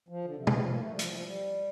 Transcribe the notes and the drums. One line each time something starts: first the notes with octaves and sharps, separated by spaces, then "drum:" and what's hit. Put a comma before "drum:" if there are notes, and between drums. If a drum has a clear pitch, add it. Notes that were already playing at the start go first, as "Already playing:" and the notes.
F3
D3
C3
E3, drum: tom
F3
A#3
A3
G3
F3, drum: hi-hat
E3
F3
G3